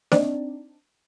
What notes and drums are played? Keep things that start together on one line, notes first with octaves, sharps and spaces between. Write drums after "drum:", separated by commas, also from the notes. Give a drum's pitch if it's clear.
C4 D4 D#4 D5, drum: snare A#3